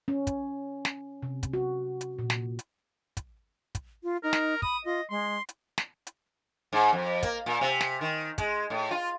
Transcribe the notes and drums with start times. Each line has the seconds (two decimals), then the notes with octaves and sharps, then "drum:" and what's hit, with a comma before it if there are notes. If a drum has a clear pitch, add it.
0.08 C#4
0.27 drum: kick, hi-hat
0.85 drum: snare
1.23 C3
1.43 drum: kick, hi-hat
1.53 F#4
2.01 drum: hi-hat
2.19 A#2
2.30 drum: snare
2.59 drum: hi-hat
3.17 drum: kick, hi-hat
3.75 drum: kick, hi-hat
4.03 F4
4.23 D#4 A#4
4.33 drum: snare
4.62 B5 D#6, drum: kick
4.85 F4 D#5
5.10 G#3 C6
5.49 drum: hi-hat
5.78 drum: snare
6.07 drum: hi-hat
6.73 G#2
6.93 F2
7.23 A#3, drum: kick, hi-hat
7.46 A#2
7.61 C3
7.81 drum: snare
8.01 D#3
8.38 G#3, drum: kick, hi-hat
8.70 A2
8.91 F4